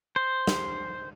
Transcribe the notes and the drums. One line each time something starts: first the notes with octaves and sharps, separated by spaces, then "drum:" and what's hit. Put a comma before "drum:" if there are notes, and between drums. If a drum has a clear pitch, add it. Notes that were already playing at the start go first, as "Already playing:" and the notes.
C5
drum: snare